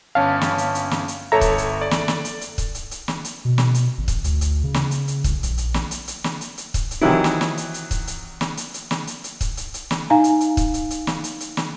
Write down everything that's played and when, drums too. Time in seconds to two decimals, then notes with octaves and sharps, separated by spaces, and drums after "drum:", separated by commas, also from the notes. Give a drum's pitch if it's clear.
0.15 G1 C#4 F5 A5
0.41 drum: snare
0.58 drum: hi-hat
0.75 drum: hi-hat
0.91 drum: snare
1.08 drum: hi-hat
1.32 G1 A4 C#5 E5 A#5
1.41 drum: kick, hi-hat
1.58 drum: hi-hat
1.81 D5
1.91 drum: snare
2.08 drum: snare
2.25 drum: hi-hat
2.41 drum: hi-hat
2.58 drum: kick, hi-hat
2.75 drum: hi-hat
2.91 drum: hi-hat
3.08 drum: snare
3.25 drum: hi-hat
3.45 B2
3.58 drum: snare
3.74 drum: hi-hat
3.98 G#1
4.08 drum: kick, hi-hat
4.24 D2, drum: hi-hat
4.41 drum: hi-hat
4.64 C#3
4.74 drum: snare
4.91 drum: hi-hat
5.08 drum: hi-hat
5.24 C2, drum: kick, hi-hat
5.43 A#1, drum: hi-hat
5.58 drum: hi-hat
5.74 drum: snare
5.91 drum: hi-hat
6.08 drum: hi-hat
6.24 drum: snare
6.41 drum: hi-hat
6.58 drum: hi-hat
6.74 drum: kick, hi-hat
6.91 drum: hi-hat
7.01 C3 D#3 E3 F#3 E4
7.24 drum: snare
7.41 drum: snare
7.57 drum: hi-hat
7.74 drum: hi-hat
7.91 drum: kick, hi-hat
8.07 drum: hi-hat
8.41 drum: snare
8.57 drum: hi-hat
8.74 drum: hi-hat
8.91 drum: snare
9.07 drum: hi-hat
9.24 drum: hi-hat
9.41 drum: kick, hi-hat
9.57 drum: hi-hat
9.74 drum: hi-hat
9.91 drum: snare
10.10 D#4 F5 G#5 A#5
10.24 drum: hi-hat
10.41 drum: hi-hat
10.57 drum: kick, hi-hat
10.74 drum: hi-hat
10.90 drum: hi-hat
11.07 drum: snare
11.24 drum: hi-hat
11.40 drum: hi-hat
11.57 drum: snare